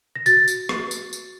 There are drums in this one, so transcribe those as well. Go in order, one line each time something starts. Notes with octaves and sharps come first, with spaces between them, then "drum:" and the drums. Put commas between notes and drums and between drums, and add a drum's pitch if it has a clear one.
A#6
F#4 A6, drum: tambourine
drum: tambourine
drum: rim click
drum: tambourine
drum: tambourine